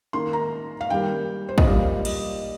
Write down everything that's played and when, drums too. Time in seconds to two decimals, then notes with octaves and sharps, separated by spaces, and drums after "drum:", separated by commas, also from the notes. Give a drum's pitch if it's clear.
0.13 D#3 A#3 C6
0.33 A#5
0.81 F5
0.90 D#3 G3 A#3 G5
1.49 C5
1.58 D#5, drum: kick
1.67 A#2 G3 A#3 F5
2.05 D#5, drum: cymbal